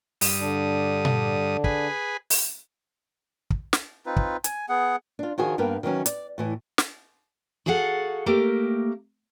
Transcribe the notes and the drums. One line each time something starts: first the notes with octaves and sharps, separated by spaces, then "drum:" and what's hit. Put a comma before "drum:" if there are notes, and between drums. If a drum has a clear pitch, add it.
G2 D#6, drum: open hi-hat
D3 D4
drum: tom A#2
G#4 B4, drum: kick
drum: open hi-hat
drum: kick
drum: snare
C4 D#4 F4 B4
drum: kick
G#5, drum: hi-hat
B3 G#4 F#5
D4 F4
D#3 F3 F#4 G#4
G2 A#3 B3 A#4 G5
D#3 E3 F#3 C#4
D5, drum: hi-hat
A2 E3 E4
drum: snare
F#4 G#4 A4 F5 F#5
A3 A#3 G4 A#4